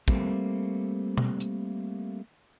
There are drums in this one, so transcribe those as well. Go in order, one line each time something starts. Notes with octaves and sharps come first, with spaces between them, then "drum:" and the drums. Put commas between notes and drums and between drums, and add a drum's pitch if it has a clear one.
G3 A3 A#3 C4, drum: kick
drum: tom
drum: hi-hat